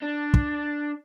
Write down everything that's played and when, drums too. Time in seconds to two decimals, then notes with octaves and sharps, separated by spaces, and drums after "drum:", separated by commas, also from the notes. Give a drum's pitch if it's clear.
0.03 D4
0.34 drum: kick